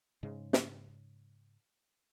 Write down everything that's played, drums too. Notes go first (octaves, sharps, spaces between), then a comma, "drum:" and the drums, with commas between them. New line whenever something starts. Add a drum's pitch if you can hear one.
G#2 C#3 G#3
drum: snare